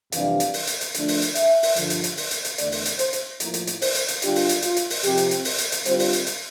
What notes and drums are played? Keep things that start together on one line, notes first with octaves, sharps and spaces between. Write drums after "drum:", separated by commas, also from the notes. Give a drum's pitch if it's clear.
F2 C3 E3 G3 D4 F5, drum: hi-hat
drum: hi-hat
drum: open hi-hat
drum: hi-hat
drum: hi-hat
D3 F3 A3 D4, drum: hi-hat
drum: open hi-hat
drum: hi-hat
E5, drum: hi-hat
drum: open hi-hat
G2 D3 F3, drum: hi-hat
drum: hi-hat
drum: hi-hat
drum: open hi-hat
drum: hi-hat
drum: hi-hat
E2 D3 A3 D5, drum: hi-hat
drum: open hi-hat
drum: hi-hat
C5, drum: hi-hat
drum: hi-hat
A2 F3 A#3 E4 A#4, drum: hi-hat
drum: hi-hat
drum: hi-hat
C5, drum: open hi-hat
drum: hi-hat
drum: hi-hat
D3 G3 D4 F4 G4, drum: hi-hat
drum: open hi-hat
drum: hi-hat
F4, drum: hi-hat
drum: hi-hat
drum: open hi-hat
C3 F3 C4 G4, drum: hi-hat
drum: hi-hat
drum: hi-hat
drum: open hi-hat
drum: hi-hat
drum: hi-hat
D3 G3 C4 F4 C5, drum: hi-hat
drum: open hi-hat
drum: hi-hat
drum: hi-hat